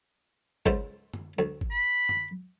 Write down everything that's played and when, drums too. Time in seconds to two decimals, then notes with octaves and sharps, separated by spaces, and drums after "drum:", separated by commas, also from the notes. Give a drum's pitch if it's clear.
0.66 C#2 G#2 C5, drum: kick G1
1.14 drum: tom F#2
1.39 D2
1.61 drum: kick G1
1.71 B5
2.09 drum: tom F#2